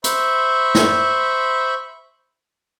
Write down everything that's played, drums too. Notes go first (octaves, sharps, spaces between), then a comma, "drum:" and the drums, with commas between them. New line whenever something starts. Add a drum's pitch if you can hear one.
C5 E5 B5 C#6, drum: hi-hat
drum: snare